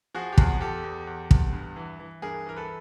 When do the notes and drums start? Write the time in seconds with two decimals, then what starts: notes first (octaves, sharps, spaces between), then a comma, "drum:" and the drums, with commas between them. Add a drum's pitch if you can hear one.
0.15 F3 F#4 G#4
0.33 G4
0.38 E2 F#4 G#4, drum: kick
0.61 E2 G4 A4
0.84 E2
1.07 E2
1.31 E2, drum: kick
1.53 G2
1.76 E3
2.00 E3
2.22 G2 G#4 A#4
2.46 E3 A#4
2.56 A4 B4